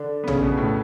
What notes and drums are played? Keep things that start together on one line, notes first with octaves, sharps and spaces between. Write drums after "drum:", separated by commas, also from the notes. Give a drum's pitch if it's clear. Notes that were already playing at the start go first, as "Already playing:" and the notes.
Already playing: D3 D4
B3
C#3 C#4, drum: tom
B2 B3
A2 A3